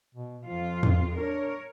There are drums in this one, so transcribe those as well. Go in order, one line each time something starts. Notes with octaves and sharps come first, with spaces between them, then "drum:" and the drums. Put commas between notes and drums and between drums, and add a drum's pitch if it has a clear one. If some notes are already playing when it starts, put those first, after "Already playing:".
B2
F2 F3 F4
drum: tom E2
D4 A#4 C#5